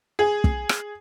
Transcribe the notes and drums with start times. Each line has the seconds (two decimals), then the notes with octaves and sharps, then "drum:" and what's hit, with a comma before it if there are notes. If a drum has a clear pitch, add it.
0.19 G#4
0.44 drum: kick
0.69 drum: rim click